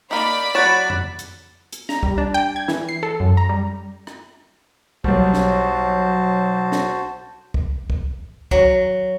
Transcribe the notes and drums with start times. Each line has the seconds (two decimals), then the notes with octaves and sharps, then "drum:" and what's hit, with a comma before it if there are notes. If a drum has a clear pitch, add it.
0.11 A#3 D#4 D5 B5
0.55 F#3 C#5 F#6 A6 E7
0.90 drum: tom F2
1.19 drum: hi-hat
1.72 drum: hi-hat
1.89 A#5, drum: snare
2.03 G3, drum: kick
2.18 D4
2.34 G5
2.56 G#6
2.68 E3, drum: snare
2.89 C7
3.03 A4
3.20 F#2
3.37 A#5
3.49 G3
4.07 drum: rim click
5.04 B1 G3 F#4 C5 A5, drum: kick
5.34 drum: snare
6.72 drum: snare
7.54 drum: kick
7.90 drum: kick
8.51 F#3, drum: kick